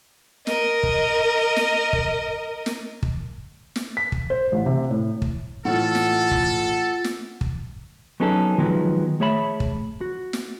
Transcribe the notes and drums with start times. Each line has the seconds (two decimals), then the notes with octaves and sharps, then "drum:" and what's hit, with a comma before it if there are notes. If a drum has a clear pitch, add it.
0.47 A#4 D#5, drum: snare
0.83 drum: kick
1.56 drum: snare
1.93 drum: kick
2.66 drum: snare
3.03 drum: kick
3.76 drum: snare
3.97 B6
4.12 drum: kick
4.30 C5
4.52 A1
4.66 C3
4.91 A2
5.22 drum: kick
5.65 A2 E3 A3 F4 A4 F#5
5.95 drum: snare
6.31 drum: kick
7.04 drum: snare
7.41 drum: kick
8.20 F#3 B3 C#4 D#4 G#4 A4
8.58 D#3 F3 F#3 G#3 B3
9.20 A3 G#4 C#5 E5 B5
9.60 drum: kick
10.01 F#4
10.33 drum: snare